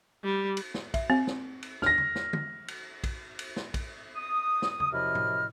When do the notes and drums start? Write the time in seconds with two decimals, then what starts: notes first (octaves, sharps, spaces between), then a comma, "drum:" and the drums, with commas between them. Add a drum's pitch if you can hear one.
0.24 G3
0.57 drum: cymbal
0.74 drum: snare
0.94 E5, drum: kick A#1, cymbal
1.10 C4
1.27 drum: snare
1.63 drum: cymbal
1.82 F6 A#6, drum: snare
1.98 drum: tom E2
2.15 drum: snare
2.33 drum: tom
2.68 drum: cymbal
3.04 drum: kick A#1, cymbal
3.39 drum: cymbal
3.56 drum: snare
3.74 drum: kick A#1, cymbal
4.16 D#6
4.62 drum: snare
4.80 drum: tom E2
4.92 F#2 C3 F3 E4 D#5 F6
5.15 drum: tom